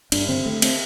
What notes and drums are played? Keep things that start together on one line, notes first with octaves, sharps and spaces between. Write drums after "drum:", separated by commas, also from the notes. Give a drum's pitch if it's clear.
G2 D4, drum: cymbal
D3 C4
D3 A3
C4, drum: cymbal